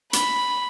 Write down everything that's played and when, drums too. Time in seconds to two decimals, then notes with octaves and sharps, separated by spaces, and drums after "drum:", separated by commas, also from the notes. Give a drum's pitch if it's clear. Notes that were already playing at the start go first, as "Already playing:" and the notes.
0.13 B5, drum: hi-hat